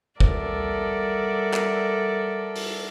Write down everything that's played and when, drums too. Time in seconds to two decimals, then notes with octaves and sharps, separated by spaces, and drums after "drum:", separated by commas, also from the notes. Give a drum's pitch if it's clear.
0.20 G3 A4 A#4 D5 E5 F#5, drum: kick
1.54 drum: clap
2.55 drum: open hi-hat